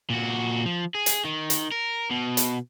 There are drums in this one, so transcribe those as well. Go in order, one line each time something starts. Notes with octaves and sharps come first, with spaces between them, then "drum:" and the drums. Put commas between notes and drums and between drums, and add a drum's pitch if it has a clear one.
A#2 F#4
F3
G#4
drum: hi-hat
D#3
drum: hi-hat
A#4
B2
drum: hi-hat